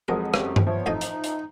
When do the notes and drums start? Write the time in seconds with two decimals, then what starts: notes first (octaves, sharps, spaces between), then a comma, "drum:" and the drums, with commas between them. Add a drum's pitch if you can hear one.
0.08 F2 F3 F#3 G#3 A#4 F#5 D#6
0.34 F#2 C#3 A3 G4, drum: rim click
0.56 drum: tom G2
0.67 F3 B3 C5 C#5 E5
0.86 A1 F2 D#4 D#5
1.01 drum: hi-hat
1.24 drum: hi-hat